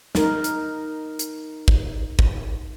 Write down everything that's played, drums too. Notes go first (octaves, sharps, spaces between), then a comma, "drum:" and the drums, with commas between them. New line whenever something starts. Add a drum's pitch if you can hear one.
D#4 A#4, drum: snare
drum: hi-hat
drum: hi-hat
drum: kick
drum: kick